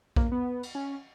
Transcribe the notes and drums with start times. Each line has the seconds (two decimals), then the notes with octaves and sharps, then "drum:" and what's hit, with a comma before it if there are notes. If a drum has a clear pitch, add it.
0.16 A#3, drum: kick A#1
0.32 B3
0.63 drum: cymbal
0.75 C#4